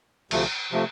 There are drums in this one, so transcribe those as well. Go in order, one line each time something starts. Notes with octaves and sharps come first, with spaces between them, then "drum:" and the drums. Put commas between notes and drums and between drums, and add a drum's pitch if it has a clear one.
D2 C3 F3 A3, drum: cymbal
C3 F3 A3